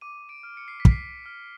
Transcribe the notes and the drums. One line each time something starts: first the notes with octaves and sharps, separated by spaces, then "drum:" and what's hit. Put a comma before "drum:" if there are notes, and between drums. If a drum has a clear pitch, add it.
D6 D#7
D7
F6
C#7
C7
B6
D6, drum: kick
C7
F6